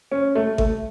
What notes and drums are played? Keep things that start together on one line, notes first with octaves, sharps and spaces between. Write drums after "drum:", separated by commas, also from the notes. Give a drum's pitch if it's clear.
C#4
A3
A3, drum: kick G#1